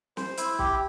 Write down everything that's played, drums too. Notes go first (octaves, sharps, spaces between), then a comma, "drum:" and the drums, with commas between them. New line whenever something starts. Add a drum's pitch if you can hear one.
C5, drum: snare
E4, drum: hi-hat
G4, drum: kick